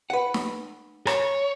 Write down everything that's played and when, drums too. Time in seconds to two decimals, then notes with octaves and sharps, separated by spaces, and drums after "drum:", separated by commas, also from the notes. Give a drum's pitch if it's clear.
0.10 B4 F#5
0.34 drum: snare
1.07 C#5, drum: rim click